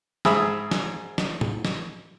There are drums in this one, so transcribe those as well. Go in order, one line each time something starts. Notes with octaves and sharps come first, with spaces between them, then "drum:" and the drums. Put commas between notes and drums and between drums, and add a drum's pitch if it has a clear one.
G#2 G#4 E5 B5 D#6 E6, drum: snare
drum: snare
drum: snare
drum: tom A2
drum: snare